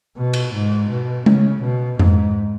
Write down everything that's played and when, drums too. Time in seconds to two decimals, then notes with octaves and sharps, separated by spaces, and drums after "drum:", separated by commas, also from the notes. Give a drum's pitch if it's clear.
0.17 B2
0.33 drum: cymbal
0.53 G#2
0.90 B2
1.26 C#3, drum: tom G#3
1.63 B2
1.99 G#2, drum: tom F2